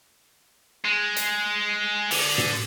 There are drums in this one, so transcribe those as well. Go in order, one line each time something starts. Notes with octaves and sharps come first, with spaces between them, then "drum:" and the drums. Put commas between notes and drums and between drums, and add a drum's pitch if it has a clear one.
G#3
drum: hi-hat
D3, drum: open hi-hat
drum: tom